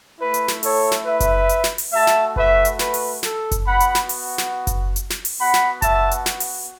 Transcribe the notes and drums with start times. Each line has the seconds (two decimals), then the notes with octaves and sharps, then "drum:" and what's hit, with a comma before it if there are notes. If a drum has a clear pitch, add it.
0.19 A3 E4 B4
0.34 drum: hi-hat
0.48 drum: snare
0.63 A4 C#5, drum: open hi-hat
0.92 drum: snare
1.06 B4 E5
1.20 drum: kick F#1, hi-hat
1.49 drum: hi-hat
1.64 drum: snare
1.78 drum: open hi-hat
1.93 A3 F#4 E5 A5
2.07 drum: snare
2.36 B4 E5, drum: kick F#1
2.65 drum: hi-hat
2.79 B4, drum: snare
2.94 drum: open hi-hat
3.23 A4, drum: snare
3.51 drum: kick F#1, hi-hat
3.66 B3 F#4 F#5 B5
3.80 drum: hi-hat
3.95 drum: snare
4.09 drum: open hi-hat
4.38 drum: snare
4.67 drum: kick F#1, hi-hat
4.96 drum: hi-hat
5.10 drum: snare
5.25 drum: open hi-hat
5.39 B3 F#4 F#5 B5
5.54 drum: snare
5.82 E5 A5, drum: kick F#1, hi-hat
6.11 drum: hi-hat
6.26 drum: snare
6.40 drum: open hi-hat